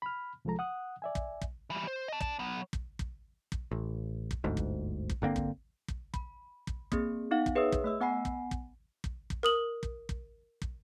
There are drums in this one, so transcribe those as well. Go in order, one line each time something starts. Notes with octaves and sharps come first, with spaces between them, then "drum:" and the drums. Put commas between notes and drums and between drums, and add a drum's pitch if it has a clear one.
B5 F6
C2 F3 G#3 A4 A#5
F#5 D#6 F#6
D5 E5 G#5
drum: kick
drum: kick
E3 G3
C5
D#5 A5
D5 A5, drum: kick
F#3 B3
drum: kick
drum: kick
drum: kick
A1
drum: kick
G1 D2 G#2
drum: kick
drum: kick
G1 D3 A#3 C4
drum: kick
drum: kick
B5, drum: kick
drum: kick
A#3 C4 G#4, drum: kick
B3 D#4 F5 F#5
drum: kick
G#4 B4 C#5 E5 D#6 E6
drum: kick
A3 D#5 E6
B3 F#5 G#5 B5 C7
drum: kick
drum: kick
drum: kick
drum: kick
A#4 D#6 F#7
drum: kick
drum: kick
drum: kick